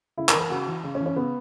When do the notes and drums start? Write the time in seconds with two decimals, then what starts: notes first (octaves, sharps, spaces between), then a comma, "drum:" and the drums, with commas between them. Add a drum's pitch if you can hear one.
0.18 C#3 E4
0.29 A#4, drum: clap
0.34 E3
0.39 A#4
0.50 C#3 F#4
0.67 E3
0.84 C#3
0.95 C#4
1.00 E3
1.06 C#4
1.16 C#3 B3